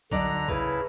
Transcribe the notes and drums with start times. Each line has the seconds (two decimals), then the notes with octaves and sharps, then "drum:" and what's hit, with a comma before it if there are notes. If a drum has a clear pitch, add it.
0.12 D3 F#3 D#4 D5 A#5, drum: kick A#1
0.48 C#3 E4 B4, drum: kick A#1